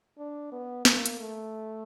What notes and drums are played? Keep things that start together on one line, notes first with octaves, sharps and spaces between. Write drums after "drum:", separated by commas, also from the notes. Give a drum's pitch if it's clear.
D4
B3
A#3, drum: snare
drum: hi-hat
A3